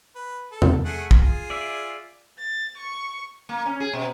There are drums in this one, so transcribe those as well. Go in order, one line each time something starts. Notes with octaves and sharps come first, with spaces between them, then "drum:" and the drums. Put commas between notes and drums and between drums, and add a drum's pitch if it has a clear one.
B4
A4
drum: tom E2
A3 G#4 F#5
drum: kick
F4 G#4
D5 E5
A6
C#6
A#3
C#4
G#4
B2